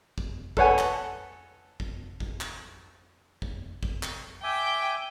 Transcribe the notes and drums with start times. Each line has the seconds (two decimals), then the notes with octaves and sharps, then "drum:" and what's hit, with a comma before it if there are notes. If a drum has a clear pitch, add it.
0.18 drum: kick G#1
0.57 A4 B4 C#5 F#5 G#5, drum: kick G#1
0.78 drum: clap
1.80 drum: kick G#1
2.20 drum: kick G#1
2.41 drum: clap
3.42 drum: kick G#1
3.83 drum: kick G#1
4.03 drum: clap
4.43 E5 G5 G#5 D6